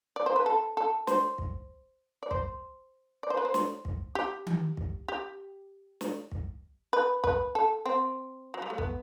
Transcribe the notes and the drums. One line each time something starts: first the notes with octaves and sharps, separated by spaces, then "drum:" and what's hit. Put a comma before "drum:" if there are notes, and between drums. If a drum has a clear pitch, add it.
D5
C5
B4
A4
A4
C5, drum: snare
drum: kick
D5
C5, drum: kick
D5
C5
B4
C5
drum: snare
drum: kick
G4
drum: tom D#3
drum: kick
G4
drum: snare
drum: kick
B4
B4, drum: kick
A4
C4
F#3
G3
A3
B3, drum: kick